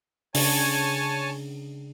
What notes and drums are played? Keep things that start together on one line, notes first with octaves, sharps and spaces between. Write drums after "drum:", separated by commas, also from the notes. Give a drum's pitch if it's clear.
C#3 D4 C#5 G#5 A5, drum: open hi-hat